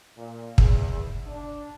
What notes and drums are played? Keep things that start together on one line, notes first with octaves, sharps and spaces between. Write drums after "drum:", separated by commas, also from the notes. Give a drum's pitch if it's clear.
A#2
E2, drum: kick
D4